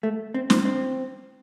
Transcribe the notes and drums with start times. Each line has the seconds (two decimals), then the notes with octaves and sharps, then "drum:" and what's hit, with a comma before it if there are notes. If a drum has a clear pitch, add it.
0.03 A3
0.34 C4
0.50 C4, drum: snare
0.65 C4